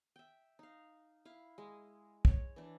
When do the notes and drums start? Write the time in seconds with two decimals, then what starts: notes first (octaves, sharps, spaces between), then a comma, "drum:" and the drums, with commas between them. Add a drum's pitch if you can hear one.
0.16 E5 G5
0.59 D#4 F5
1.25 E4 F5
1.58 G#3
2.25 C#5, drum: kick
2.56 E3 D4